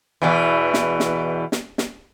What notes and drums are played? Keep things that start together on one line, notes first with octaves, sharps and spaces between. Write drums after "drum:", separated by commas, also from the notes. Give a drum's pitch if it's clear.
E2 B2 E3
drum: snare
drum: snare
drum: snare
drum: snare